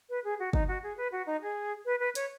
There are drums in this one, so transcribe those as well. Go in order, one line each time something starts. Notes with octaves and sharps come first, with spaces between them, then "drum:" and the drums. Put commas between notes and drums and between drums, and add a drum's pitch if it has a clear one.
B4
G#4
F#4
D#4, drum: kick G1
F#4
G#4
B4
F#4
D#4
G#4
B4
B4
C#5, drum: hi-hat